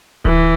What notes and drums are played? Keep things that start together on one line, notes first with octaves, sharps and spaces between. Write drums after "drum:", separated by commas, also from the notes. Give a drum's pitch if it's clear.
E3, drum: kick D1